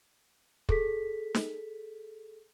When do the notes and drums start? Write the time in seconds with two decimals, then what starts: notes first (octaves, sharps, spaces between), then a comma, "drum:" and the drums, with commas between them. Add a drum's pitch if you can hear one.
0.69 G#4 A4 B6, drum: kick
1.35 drum: snare